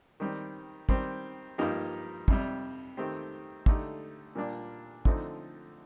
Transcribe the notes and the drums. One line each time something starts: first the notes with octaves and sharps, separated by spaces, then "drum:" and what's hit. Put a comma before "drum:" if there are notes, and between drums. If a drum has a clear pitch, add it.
D#3 G3 C4
D#3 G3 C4, drum: kick
G2 F3 A#3 D#4 G4
F2 C3 G3, drum: kick
D#3 A3 C4 G4
D3 A3 D#4 G4, drum: kick
A#2 G3 A#3 D4 F4
D3 F3 A3 C4 D#4, drum: kick